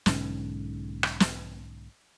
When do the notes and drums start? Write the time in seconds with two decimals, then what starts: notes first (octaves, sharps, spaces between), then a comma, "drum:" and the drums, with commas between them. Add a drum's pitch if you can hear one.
0.06 B1 G#2 D3 C#4, drum: snare
1.03 drum: rim click
1.20 drum: snare